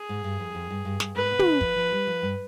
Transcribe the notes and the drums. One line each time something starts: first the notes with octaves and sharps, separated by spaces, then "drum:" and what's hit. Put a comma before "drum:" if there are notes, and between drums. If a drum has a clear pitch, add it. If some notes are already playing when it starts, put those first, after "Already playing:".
Already playing: G#4
G#2
G2
F2
F2
G2
G2
G2, drum: snare
G#2 B4
B2
D3, drum: tom
C3
F3, drum: kick
F3
G3
F3
G2